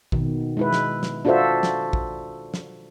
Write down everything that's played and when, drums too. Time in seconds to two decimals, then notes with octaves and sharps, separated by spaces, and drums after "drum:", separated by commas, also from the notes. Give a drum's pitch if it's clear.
0.12 B2 D#3, drum: kick
0.57 G#3 E4 B4
0.73 drum: snare
1.03 drum: snare
1.25 D4 F4 F#4 A4 C5 E5
1.63 drum: snare
1.93 drum: kick
2.54 drum: snare